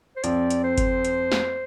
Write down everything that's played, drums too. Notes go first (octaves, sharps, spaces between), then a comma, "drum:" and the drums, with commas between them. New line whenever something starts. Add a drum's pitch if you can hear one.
C5
F2 F3 C4 D5, drum: hi-hat
drum: hi-hat
C5
drum: kick G1, hi-hat
drum: hi-hat
drum: snare